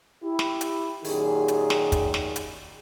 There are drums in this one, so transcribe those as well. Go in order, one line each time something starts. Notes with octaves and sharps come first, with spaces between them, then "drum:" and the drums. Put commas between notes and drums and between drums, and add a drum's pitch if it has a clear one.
E4 G4
drum: snare
drum: hi-hat
F#2 A#2 D#3 G4 G#4, drum: open hi-hat
drum: hi-hat
drum: snare
drum: kick, hi-hat
drum: snare
drum: hi-hat